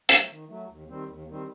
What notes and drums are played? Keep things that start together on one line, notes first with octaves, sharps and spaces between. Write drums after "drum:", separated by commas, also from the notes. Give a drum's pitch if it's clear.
F#3 A3, drum: hi-hat
D#3
F#3 A3
D#2
D#3 G3 C4
D#2
D#3 G3 C4